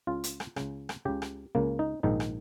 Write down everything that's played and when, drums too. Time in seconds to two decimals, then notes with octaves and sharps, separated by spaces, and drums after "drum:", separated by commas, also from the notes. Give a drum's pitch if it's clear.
0.07 C#2 C#3 F4
0.24 drum: hi-hat
0.40 drum: rim click
0.56 C#2 C#3, drum: rim click
0.89 drum: rim click
1.05 C#2 C#3 G4
1.22 drum: rim click
1.55 C#2 C#3 A#3
1.79 D#4
2.03 A#1 G#2 D#3 D#4
2.20 drum: rim click